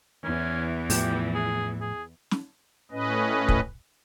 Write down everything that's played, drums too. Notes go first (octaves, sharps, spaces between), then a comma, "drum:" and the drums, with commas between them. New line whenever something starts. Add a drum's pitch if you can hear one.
E2 E3 C#4
A2 F3 G4, drum: open hi-hat
G#4
G#4
drum: snare
A2 C#4 B4 D#5
drum: kick